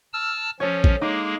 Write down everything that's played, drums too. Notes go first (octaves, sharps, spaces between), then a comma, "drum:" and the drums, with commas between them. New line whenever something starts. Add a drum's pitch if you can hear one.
A5 E6 F6
F3 C#4 A4 C#5
drum: kick
G#3 A#3 D#4 G#4 D6